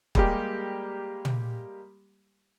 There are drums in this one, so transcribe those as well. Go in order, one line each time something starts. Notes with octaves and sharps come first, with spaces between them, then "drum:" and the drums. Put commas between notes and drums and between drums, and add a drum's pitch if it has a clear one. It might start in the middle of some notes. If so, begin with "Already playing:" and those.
G3 G#3 A#3 G4, drum: kick
drum: tom